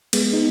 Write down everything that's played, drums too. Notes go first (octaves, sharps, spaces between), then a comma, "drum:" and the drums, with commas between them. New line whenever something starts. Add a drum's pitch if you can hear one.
G#3 B3, drum: cymbal
B3 D#4